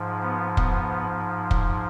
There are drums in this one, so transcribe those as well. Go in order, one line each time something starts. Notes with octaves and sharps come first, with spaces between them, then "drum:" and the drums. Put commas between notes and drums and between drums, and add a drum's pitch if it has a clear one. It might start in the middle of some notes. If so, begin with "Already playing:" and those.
Already playing: G#2 F3
B3
B3, drum: kick
drum: kick